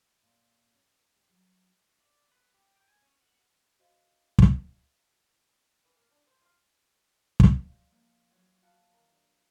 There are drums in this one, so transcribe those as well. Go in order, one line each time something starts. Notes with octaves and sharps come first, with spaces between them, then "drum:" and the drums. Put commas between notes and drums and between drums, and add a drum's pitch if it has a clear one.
A#2
C#4
G4
F#3
D5
B4
G4
G5
G#5
C#4
F#5
F#4 C5 D#5 F5
drum: kick
E3
A#3
D4
C5
F4
drum: kick
G2 F3
E3 F3 A#3
E3 F#3 F4
F4 F#4 F5 F#5 A5 B5
D#3 E3 A#4 A#5
D4